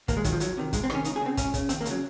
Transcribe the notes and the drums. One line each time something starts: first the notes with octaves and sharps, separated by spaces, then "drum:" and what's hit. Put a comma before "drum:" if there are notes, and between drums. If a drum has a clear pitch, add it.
D#2 A#3, drum: kick, hi-hat
G#3
D#3 F#3, drum: kick, hi-hat
F3
F2 F#3, drum: hi-hat
C3 D#3
F2 G#3, drum: kick, hi-hat
C4
C3 D#3 C#4, drum: rim click
C#2 D#4, drum: hi-hat
G#4
C#3 C4
C#2 C#4, drum: kick, hi-hat
C#3, drum: kick, hi-hat
D#2 C4, drum: hi-hat
A#3
C#3, drum: hi-hat
F#3